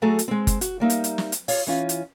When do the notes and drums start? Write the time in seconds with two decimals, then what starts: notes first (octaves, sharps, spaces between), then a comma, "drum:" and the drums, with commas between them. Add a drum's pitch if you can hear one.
0.02 F#3 A3 F#4 G#4 A4 A#5
0.19 drum: hi-hat
0.28 G#3 C4
0.47 drum: kick, hi-hat
0.61 F#4, drum: hi-hat
0.80 G3 A#3 D#4 E5
0.90 drum: hi-hat
1.04 drum: hi-hat
1.18 drum: snare
1.32 drum: hi-hat
1.48 F4 C#5 F5, drum: open hi-hat
1.67 E3 C#4 F4
1.89 drum: hi-hat